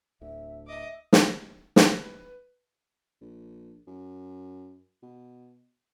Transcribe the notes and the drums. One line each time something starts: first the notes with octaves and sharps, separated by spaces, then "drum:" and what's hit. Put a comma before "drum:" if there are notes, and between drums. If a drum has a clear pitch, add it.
D1 D2 D3 E5
D#5 E5 D6
drum: snare
B4, drum: snare
A#1
F#2
B2